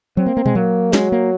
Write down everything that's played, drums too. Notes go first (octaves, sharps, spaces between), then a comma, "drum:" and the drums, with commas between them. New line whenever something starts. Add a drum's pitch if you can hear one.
F#3 C4
A#3
A#3
G#3, drum: tom A#2
F#3 A#3
F#3 G#3, drum: snare
A#3